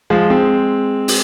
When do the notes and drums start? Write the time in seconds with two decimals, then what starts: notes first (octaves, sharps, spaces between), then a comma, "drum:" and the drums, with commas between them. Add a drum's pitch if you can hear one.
0.10 F3 G#3
0.30 G#3 C4
1.08 drum: open hi-hat